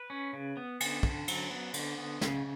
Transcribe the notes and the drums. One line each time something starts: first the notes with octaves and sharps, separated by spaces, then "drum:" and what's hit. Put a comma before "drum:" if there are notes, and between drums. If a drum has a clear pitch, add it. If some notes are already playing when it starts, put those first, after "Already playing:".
Already playing: B4
C#4
C#3
B3
D3, drum: cymbal
D3, drum: kick
F#3, drum: cymbal
B3
D3, drum: cymbal
B3
C#3, drum: snare